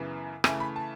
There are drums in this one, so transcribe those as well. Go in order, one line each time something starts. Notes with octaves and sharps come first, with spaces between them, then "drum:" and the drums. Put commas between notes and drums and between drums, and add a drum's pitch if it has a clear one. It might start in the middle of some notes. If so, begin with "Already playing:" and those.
Already playing: F#2 C#3 E3 B3
C#3 E3 A3 G#5, drum: rim click
B5
A5